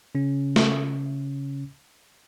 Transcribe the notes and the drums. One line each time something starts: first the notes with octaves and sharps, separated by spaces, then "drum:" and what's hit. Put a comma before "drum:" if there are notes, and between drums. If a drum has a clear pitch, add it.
C#3 C#4
drum: snare